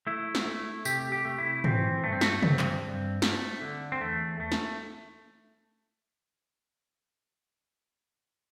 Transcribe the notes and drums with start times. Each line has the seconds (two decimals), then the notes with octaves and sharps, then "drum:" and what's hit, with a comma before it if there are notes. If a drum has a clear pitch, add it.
0.07 A3 E4
0.35 drum: snare
0.46 A3
0.85 C3 G4, drum: tambourine
1.12 G4
1.25 A3
1.38 E4
1.64 E3 C4, drum: tom
2.04 G2 A3
2.12 C4
2.21 A3, drum: snare
2.43 G2 C4, drum: tom C3
2.59 drum: clap
2.82 G2
3.22 A3, drum: snare
3.62 D3
3.92 C4
4.01 E2 A3
4.40 A3
4.52 drum: snare